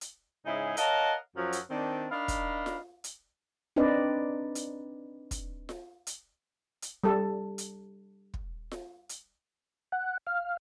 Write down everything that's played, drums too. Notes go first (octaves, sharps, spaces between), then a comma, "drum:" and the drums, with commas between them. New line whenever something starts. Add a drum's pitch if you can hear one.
drum: hi-hat
G#2 C#3 D#4 E4 G#4
A#4 C#5 D#5 F5 F#5 A5, drum: hi-hat
F#2 F3 F#3
drum: hi-hat
D#3 C4 D4
D4 D#4 A#4 D#5 F5 B5
drum: kick, hi-hat
drum: snare F4
drum: hi-hat
C4 D4 D#4 B4 D5 D#5
drum: hi-hat
drum: kick, hi-hat
drum: snare F4
drum: hi-hat
drum: hi-hat
G3 A4
drum: hi-hat
drum: kick
drum: snare F4
drum: hi-hat
F#5
F5